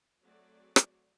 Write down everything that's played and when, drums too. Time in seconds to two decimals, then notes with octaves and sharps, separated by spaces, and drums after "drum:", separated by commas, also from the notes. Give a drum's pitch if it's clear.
0.22 F#3 A3 C4 F#4 G#4 D5
0.76 drum: rim click